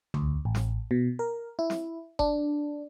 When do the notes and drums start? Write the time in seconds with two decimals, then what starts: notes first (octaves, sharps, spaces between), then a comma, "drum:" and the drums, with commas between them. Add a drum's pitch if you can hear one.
0.14 D2, drum: tom C2
0.45 A1
0.55 drum: snare
0.91 B2
1.19 A#4
1.59 E4
1.70 drum: snare
2.19 D4, drum: kick F#1